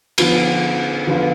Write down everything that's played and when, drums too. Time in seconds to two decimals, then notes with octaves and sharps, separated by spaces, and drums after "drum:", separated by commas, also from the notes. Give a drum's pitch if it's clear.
0.18 D3 F3 B3 F4 B4, drum: cymbal
1.07 D3 F3 B3 F4 B4